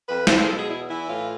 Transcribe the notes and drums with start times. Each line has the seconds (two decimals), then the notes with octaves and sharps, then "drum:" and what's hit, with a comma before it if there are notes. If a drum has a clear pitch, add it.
0.07 F2 B4
0.27 F3 C5, drum: snare
0.43 G#4
0.48 B2 A4
0.57 G#4
0.68 E2 E4
0.88 E3 E4
1.08 A2 F4